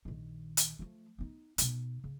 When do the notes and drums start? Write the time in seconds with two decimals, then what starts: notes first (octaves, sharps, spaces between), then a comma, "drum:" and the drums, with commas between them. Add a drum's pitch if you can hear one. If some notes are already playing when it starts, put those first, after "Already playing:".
0.05 A#1 D#3
0.57 drum: hi-hat
0.79 F3 A3
1.18 B3 D#4
1.58 B2 D#4, drum: hi-hat
2.04 C#3